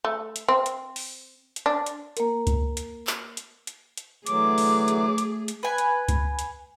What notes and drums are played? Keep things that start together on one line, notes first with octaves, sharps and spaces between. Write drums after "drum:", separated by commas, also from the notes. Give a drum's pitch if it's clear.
A3
drum: hi-hat
C4
drum: hi-hat
drum: open hi-hat
drum: hi-hat
D4
drum: hi-hat
A#3 A#4, drum: hi-hat
drum: kick C#2, hi-hat
drum: hi-hat
drum: clap
drum: hi-hat
drum: hi-hat
drum: hi-hat
D3 E3 F#3 A3 G#4 D6, drum: hi-hat
drum: open hi-hat
drum: hi-hat
drum: hi-hat
drum: hi-hat
B4 G#5
drum: hi-hat
drum: kick C#2, hi-hat
drum: hi-hat